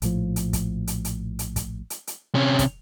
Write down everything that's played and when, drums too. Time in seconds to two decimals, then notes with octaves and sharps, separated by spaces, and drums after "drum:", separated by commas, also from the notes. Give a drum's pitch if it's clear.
0.02 A#1 A2 F3, drum: hi-hat
0.36 drum: hi-hat
0.53 drum: kick, hi-hat
0.87 drum: hi-hat
1.05 drum: hi-hat
1.39 drum: hi-hat
1.56 drum: kick, hi-hat
1.90 drum: hi-hat
2.07 drum: hi-hat
2.35 C3 C#4
2.59 drum: kick, hi-hat